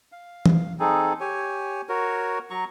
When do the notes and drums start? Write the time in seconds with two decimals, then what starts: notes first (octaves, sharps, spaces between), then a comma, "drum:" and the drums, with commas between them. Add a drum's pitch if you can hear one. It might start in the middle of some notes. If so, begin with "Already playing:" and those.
0.12 F5
0.46 drum: tom E3
0.80 C4 D#4 G#4 A4
1.20 G4 C#5 G#5
1.89 F#4 A#4 C#5
2.50 F#3 A#5 C#6